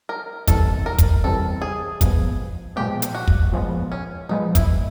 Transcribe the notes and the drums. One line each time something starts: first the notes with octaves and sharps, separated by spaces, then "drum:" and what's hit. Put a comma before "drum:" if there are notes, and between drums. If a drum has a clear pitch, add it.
A#4
E2 C3 E3 G3 C4 A4, drum: kick, hi-hat
A#4
drum: kick, hi-hat
E2 C3 E3 G3 C4 A4
G#4
A#2 F3 G#3 B3, drum: kick, hi-hat
A#2 F3 G#3 B3 G4
drum: hi-hat
F#4
drum: kick
A#2 F3 G#3 B3
C#4
A#2 F3 G#3 B3 D#4
E4, drum: kick, hi-hat